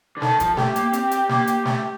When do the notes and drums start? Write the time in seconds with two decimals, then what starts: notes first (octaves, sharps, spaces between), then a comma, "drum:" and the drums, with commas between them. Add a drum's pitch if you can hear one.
0.17 D3
0.22 D#3 A4, drum: snare
0.40 F3, drum: kick E1, hi-hat
0.57 A3 G4, drum: snare
0.76 A#3, drum: hi-hat
0.93 C4, drum: hi-hat
1.11 drum: hi-hat
1.29 A#3, drum: snare
1.47 drum: hi-hat
1.65 A3, drum: snare